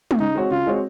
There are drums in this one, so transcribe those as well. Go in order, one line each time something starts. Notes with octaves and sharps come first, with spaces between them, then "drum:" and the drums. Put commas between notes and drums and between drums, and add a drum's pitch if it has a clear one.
drum: tom
C#3 D#4
G#3 C4 F#4 C#5
C#3 F4
G#3 C4 F#4 C#5